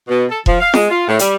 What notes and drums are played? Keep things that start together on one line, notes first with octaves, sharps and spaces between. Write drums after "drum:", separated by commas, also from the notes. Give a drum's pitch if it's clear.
B2
A4
F3, drum: kick E1
F5
G#3, drum: snare
F4
A2
G3, drum: hi-hat